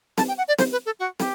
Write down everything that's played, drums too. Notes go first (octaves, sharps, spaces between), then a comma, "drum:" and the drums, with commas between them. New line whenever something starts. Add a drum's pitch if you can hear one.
A5, drum: snare
G5
F#5
D5
C5, drum: snare
B4
A4
F#4
G4, drum: snare